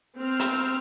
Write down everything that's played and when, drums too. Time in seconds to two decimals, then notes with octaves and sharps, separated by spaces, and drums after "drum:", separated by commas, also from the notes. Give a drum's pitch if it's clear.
0.19 C4 F6
0.39 drum: hi-hat